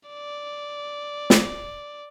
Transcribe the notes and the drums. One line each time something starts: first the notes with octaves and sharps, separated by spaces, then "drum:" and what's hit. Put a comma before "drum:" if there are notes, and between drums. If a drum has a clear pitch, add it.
D5
drum: snare